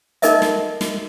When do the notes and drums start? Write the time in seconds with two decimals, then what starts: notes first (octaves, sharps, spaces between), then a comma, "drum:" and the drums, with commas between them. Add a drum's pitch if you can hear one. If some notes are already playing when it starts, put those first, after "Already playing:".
0.22 D#4 A4 A#4 D#5 E5, drum: hi-hat
0.42 drum: snare
0.81 drum: snare